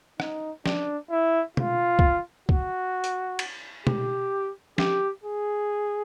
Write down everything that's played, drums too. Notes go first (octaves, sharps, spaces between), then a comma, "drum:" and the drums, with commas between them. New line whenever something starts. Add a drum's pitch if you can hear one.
D#4, drum: rim click
D4, drum: snare
E4
F4, drum: tom
drum: kick
F#4, drum: kick
drum: hi-hat
drum: cymbal
G4, drum: tom
G4, drum: snare
G#4